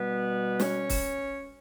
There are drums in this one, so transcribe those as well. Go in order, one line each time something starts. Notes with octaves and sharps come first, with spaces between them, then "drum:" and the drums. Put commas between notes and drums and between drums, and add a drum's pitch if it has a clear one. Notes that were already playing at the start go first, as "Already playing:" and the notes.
Already playing: B2 G3 B3 B4
C#4 C#5, drum: snare
drum: kick, open hi-hat